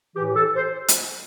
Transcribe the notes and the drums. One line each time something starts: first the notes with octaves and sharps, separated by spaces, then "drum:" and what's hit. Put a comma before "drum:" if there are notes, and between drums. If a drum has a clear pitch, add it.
A2 E3 G4
G4
A4
C5
drum: hi-hat